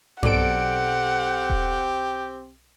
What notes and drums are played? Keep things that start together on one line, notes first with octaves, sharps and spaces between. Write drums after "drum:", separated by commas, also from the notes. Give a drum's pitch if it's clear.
B1 C4 G4 A4 D5 F#5 D7, drum: tom G2
drum: kick D#1